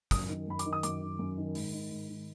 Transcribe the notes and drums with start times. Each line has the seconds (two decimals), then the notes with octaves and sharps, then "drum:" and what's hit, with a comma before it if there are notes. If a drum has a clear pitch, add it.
0.11 F#2 D#6, drum: kick, hi-hat
0.29 D#3
0.48 F#2 B5
0.59 D6, drum: hi-hat
0.66 D#3
0.73 D#6
0.83 F#2 D6, drum: hi-hat
1.02 D#3
1.19 F#2
1.38 D#3
1.55 G#2, drum: open hi-hat
1.73 D#3
1.91 G#2
2.09 D#3